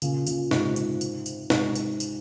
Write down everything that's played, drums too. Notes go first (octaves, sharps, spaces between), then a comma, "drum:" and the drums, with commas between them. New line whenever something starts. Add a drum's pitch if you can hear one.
A#2 C#3, drum: tambourine
A#2 C#3, drum: tambourine
G#2 C3, drum: snare
drum: tambourine
drum: tambourine
drum: tambourine
G#2 C3, drum: snare
drum: tambourine
drum: tambourine